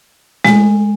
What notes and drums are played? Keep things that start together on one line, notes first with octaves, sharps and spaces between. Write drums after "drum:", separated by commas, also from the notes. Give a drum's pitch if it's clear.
G#3, drum: snare